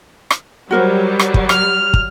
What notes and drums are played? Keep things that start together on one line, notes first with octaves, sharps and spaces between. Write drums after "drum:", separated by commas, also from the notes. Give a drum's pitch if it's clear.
drum: rim click
F#3 G3 F#4 A#4 C5
drum: rim click
drum: kick
F6, drum: rim click
drum: kick